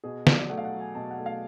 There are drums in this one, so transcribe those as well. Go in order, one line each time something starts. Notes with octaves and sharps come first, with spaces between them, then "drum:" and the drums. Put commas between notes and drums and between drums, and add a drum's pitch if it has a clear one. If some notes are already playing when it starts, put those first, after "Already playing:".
B2 G#4
F#3 D5, drum: snare
A3 F#5
F5
F#5
F#3
G#5
B2 A5
F#5
A3
F5